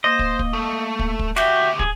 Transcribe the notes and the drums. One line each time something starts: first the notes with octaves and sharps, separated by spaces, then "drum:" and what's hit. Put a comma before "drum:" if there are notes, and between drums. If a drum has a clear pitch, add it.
A#3 C5 D#5
drum: kick
drum: kick
A3 A4
drum: kick
drum: kick
D2 F#4 G4 E5 G5, drum: snare
G#4, drum: kick